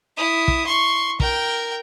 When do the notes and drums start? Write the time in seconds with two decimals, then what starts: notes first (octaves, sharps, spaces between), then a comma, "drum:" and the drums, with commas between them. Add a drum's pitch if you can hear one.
0.17 E4 D#6
0.48 drum: kick
0.66 C6 C#6
1.20 A#4 G5, drum: kick